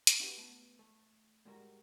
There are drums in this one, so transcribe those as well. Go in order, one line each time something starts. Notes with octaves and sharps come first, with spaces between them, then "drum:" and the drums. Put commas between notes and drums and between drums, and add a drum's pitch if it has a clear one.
drum: hi-hat
C#4 E4 F#4 G4 A4 B4
A3 B3
A3
A2 G3 G#3 F#4 G#4 A#4